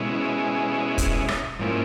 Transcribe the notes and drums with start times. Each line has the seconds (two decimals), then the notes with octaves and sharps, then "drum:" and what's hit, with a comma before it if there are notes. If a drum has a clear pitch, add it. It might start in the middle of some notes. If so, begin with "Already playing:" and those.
Already playing: B2 G#3 C#4 E4
0.98 drum: kick, hi-hat
1.28 drum: rim click
1.59 G#2 F3 A#3 C#4 E4